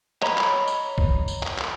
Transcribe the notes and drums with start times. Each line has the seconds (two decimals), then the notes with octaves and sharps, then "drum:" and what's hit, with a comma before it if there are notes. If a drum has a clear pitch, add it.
0.22 C#5 D#5 A#5 B5, drum: clap
0.37 drum: clap
0.68 drum: tambourine
0.98 drum: kick
1.28 drum: tambourine
1.43 drum: clap
1.58 drum: clap